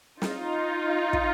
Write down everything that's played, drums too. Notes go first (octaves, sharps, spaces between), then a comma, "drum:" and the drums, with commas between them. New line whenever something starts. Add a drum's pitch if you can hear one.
D#4 F4, drum: snare
drum: kick